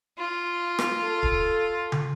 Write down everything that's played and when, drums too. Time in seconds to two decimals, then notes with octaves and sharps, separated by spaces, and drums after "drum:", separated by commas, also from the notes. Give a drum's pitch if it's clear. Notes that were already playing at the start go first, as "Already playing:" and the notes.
0.18 F4
0.79 drum: rim click
1.02 A4
1.23 drum: kick D1
1.92 drum: tom